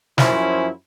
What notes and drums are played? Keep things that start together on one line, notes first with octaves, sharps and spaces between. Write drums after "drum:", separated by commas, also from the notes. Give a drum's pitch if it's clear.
F#2 F3 C#4 E4 C5, drum: snare